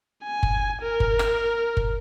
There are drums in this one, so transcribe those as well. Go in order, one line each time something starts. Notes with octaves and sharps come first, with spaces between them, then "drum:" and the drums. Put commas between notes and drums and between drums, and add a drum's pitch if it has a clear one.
G#5
drum: kick F#1
A#4
drum: kick F#1
drum: rim click
drum: kick F#1